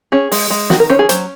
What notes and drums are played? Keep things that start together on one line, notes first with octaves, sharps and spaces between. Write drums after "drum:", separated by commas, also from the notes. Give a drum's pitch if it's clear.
C#4 G#4
G#3, drum: open hi-hat
G#3
D#3 F#4, drum: snare
A#4
C#4 C5
G#4
F#3 C5, drum: hi-hat